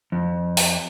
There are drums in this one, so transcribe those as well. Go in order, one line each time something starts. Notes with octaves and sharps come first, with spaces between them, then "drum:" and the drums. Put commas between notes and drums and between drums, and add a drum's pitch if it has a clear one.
F2
drum: open hi-hat